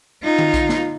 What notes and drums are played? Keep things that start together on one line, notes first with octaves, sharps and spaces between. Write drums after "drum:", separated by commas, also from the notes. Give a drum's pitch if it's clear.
D#4 F4
drum: tom D3
drum: kick A#1, hi-hat
drum: snare